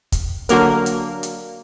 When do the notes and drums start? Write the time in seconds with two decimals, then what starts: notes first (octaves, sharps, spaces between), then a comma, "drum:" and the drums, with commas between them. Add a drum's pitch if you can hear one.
0.12 drum: kick, hi-hat
0.49 D3 F#3 A#3 A#4, drum: hi-hat
0.86 drum: hi-hat
1.23 drum: hi-hat